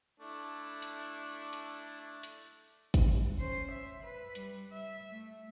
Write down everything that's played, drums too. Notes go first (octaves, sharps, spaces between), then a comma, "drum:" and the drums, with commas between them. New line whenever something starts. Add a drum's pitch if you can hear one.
A3 D4 E4
drum: hi-hat
drum: hi-hat
drum: hi-hat
drum: kick, hi-hat
C#4 C5
E5
B4
G3, drum: hi-hat
E5
A3